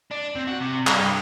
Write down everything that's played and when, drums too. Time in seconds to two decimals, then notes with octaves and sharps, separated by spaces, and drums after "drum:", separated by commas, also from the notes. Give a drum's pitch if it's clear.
0.11 D4
0.36 C3
0.47 F#4
0.60 C3
0.87 G2, drum: clap